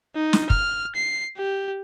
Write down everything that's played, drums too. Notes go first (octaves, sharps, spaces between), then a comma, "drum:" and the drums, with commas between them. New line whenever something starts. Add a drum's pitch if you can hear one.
D#4
drum: snare
F6, drum: kick
C7
G4